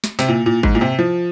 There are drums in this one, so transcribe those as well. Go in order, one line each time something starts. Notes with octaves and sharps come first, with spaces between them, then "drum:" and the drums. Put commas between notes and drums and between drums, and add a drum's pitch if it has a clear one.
drum: snare
C3, drum: snare
A#2
A#2
G#2, drum: kick G#1
A#2
C3
F3